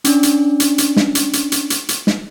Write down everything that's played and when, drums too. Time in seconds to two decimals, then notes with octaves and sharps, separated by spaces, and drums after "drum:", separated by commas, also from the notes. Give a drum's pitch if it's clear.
0.04 C#4 D4, drum: hi-hat
0.23 drum: hi-hat
0.60 drum: hi-hat
0.78 drum: hi-hat
0.97 drum: snare
1.15 drum: hi-hat
1.33 drum: hi-hat
1.52 drum: hi-hat
1.70 drum: hi-hat
1.89 drum: hi-hat
2.07 drum: snare